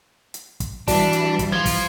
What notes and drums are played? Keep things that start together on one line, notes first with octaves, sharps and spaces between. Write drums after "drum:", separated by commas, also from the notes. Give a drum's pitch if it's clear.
drum: hi-hat
drum: kick, hi-hat
E3 G3 D4 F#4 D5 A5, drum: kick, open hi-hat
drum: hi-hat
drum: kick, hi-hat
F3 F4 G#6
drum: kick, open hi-hat